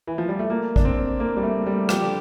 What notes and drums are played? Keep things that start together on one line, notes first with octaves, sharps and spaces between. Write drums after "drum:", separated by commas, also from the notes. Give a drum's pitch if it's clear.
E3
F3
G3
A3
A#3
D4, drum: kick A1
C4
A#3
G3
A3
G3
F3 G4, drum: rim click
D3